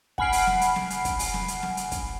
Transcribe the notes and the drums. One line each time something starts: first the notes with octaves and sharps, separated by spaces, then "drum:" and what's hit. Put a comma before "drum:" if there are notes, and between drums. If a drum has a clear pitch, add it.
F#5 G#5 B5 F6 C7 D7, drum: kick
drum: open hi-hat
drum: snare
drum: hi-hat
drum: snare
drum: hi-hat
drum: kick, hi-hat
drum: open hi-hat
drum: snare
drum: hi-hat
drum: snare
drum: hi-hat
drum: kick, hi-hat